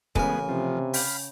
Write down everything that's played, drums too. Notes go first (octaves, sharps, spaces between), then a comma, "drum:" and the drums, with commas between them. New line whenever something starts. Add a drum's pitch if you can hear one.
A1 C#3 G#3 B3 A#4 G#5, drum: kick
C3 F3
F5 G5 B5, drum: open hi-hat